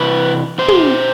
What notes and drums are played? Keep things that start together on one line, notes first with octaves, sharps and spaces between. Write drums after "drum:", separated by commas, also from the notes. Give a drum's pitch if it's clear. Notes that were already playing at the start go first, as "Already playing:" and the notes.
Already playing: C3 E3 B4
B2 C5
drum: tom